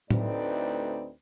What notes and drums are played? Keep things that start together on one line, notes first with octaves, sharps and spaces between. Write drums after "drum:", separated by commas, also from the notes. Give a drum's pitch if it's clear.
D2 A2 C4 D#4 B4 D5, drum: tom A2